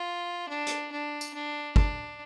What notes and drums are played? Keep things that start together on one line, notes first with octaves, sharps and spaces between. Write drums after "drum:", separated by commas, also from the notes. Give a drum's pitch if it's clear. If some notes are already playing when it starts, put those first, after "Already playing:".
Already playing: F4
D4
drum: hi-hat
D4
drum: tambourine
D4
D4, drum: kick